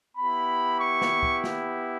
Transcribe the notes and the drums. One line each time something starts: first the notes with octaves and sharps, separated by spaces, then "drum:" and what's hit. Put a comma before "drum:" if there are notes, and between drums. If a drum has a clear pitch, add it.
B3 E4 G4 B5
C#6
drum: snare
drum: kick
drum: snare